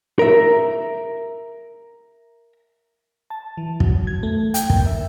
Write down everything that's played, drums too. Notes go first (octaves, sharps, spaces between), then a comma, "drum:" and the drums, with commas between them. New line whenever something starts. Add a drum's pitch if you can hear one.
A#4 E5
A5
E3
F#3, drum: kick
G#6
A3
G5, drum: hi-hat
A#3, drum: kick
E5